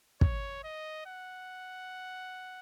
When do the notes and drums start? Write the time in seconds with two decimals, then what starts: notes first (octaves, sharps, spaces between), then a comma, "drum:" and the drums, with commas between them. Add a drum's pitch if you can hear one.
0.21 C#5, drum: kick
0.64 D#5
1.06 F#5